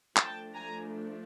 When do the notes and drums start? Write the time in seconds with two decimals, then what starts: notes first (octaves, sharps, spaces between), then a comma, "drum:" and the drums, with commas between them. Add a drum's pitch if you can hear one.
0.16 F3 A3 D4 G5 A5, drum: clap
0.55 G#5 A#5